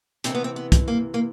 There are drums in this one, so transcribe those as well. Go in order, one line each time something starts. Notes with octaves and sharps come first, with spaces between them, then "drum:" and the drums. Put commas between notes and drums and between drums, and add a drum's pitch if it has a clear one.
C3 E3 C4, drum: hi-hat
B3
C4
B3
drum: kick, hi-hat
A#3
A#3